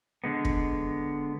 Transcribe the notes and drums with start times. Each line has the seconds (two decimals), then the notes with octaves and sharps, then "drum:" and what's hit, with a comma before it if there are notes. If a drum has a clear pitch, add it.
0.24 D3 G#3 B3
0.45 drum: kick